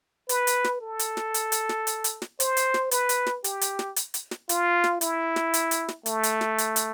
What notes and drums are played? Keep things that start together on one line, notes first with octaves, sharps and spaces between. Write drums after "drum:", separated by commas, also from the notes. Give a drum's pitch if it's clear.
B4, drum: hi-hat
drum: hi-hat
drum: snare
A4
drum: hi-hat
drum: snare
drum: hi-hat
drum: hi-hat
drum: snare
drum: hi-hat
drum: hi-hat
drum: snare
C5, drum: hi-hat
drum: hi-hat
drum: snare
B4, drum: hi-hat
drum: hi-hat
drum: snare
G4, drum: hi-hat
drum: hi-hat
drum: snare
drum: hi-hat
drum: hi-hat
drum: snare
F4, drum: hi-hat
drum: snare
E4, drum: hi-hat
drum: snare
drum: hi-hat
drum: hi-hat
drum: snare
A3, drum: hi-hat
drum: hi-hat
drum: snare
drum: hi-hat
drum: hi-hat